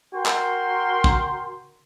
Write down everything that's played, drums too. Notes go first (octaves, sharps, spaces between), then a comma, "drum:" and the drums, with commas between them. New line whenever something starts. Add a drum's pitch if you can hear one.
F#4 A#4 G5 C6
drum: clap
drum: kick